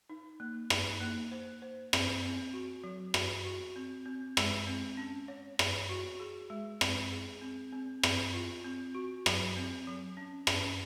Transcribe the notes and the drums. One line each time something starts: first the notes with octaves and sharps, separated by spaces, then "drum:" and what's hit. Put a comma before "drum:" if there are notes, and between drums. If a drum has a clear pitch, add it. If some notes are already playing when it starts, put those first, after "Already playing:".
D#4
A#3
D#4, drum: rim click
A#3
C5
C5
C4, drum: rim click
C4
F#4
F#3
F#4, drum: rim click
F#4
C4
C4
G#3, drum: rim click
C4
C#4
C#5
C#5, drum: rim click
F#4
G#4
G#3
C4, drum: rim click
G#4
C4
C4
C4, drum: rim click
F4
C4
F#4
F#3, drum: rim click
C4
F#3
C#4
C#4, drum: rim click